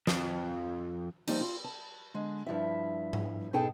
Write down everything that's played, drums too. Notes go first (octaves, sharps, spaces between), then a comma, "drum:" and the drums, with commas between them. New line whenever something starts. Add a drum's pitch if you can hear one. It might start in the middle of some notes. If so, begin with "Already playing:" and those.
F2, drum: snare
F3 G3 A#3 D#4, drum: cymbal
F4
A5
D3 G#3
G2 F3 E4 E5
drum: tom G#2
B2 D#4 G#4 A4 G5 A5